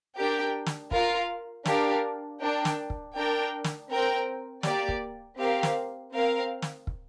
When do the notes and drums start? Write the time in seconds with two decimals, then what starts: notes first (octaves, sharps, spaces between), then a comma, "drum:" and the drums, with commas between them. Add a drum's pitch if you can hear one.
0.17 D4 G4 A#4 G5
0.66 drum: snare
0.91 F4 A#4 F5, drum: kick
1.65 D4 G4 A#4 F5, drum: snare
2.41 D4 A#4 G5
2.65 drum: snare
2.90 drum: kick
3.15 D4 A#4 G5
3.64 drum: snare
3.90 C4 A#4 G5
4.63 A#3 G4 D5, drum: snare
4.89 drum: kick
5.39 C4 G4 A#4 F5
5.63 drum: snare
6.13 C4 A#4 F5
6.62 drum: snare
6.87 drum: kick